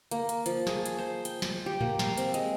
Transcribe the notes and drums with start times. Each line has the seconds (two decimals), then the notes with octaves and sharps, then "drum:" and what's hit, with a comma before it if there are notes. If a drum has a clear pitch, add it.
0.11 A#3, drum: hi-hat
0.29 drum: hi-hat
0.46 F3, drum: hi-hat
0.67 G#4, drum: snare
0.86 drum: hi-hat
0.98 C5
1.25 G5, drum: hi-hat
1.42 drum: snare
1.66 G4
1.81 A#3, drum: tom A2
1.99 F5, drum: snare
2.18 C4, drum: hi-hat
2.34 G#3, drum: hi-hat